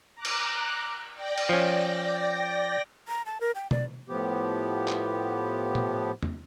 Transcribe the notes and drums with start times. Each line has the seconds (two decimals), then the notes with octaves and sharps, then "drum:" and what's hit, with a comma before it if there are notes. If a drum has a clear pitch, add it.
0.15 A#5 D6 F#6
0.25 drum: cymbal
1.14 D5 G5 A#6
1.38 drum: cymbal
1.49 F3 C#4
3.08 A#5
3.26 A5
3.41 A#4
3.55 G5
3.71 D5, drum: tom
4.09 A2 F3 B3 G4
4.88 drum: clap
5.75 drum: tom A#2
6.23 drum: tom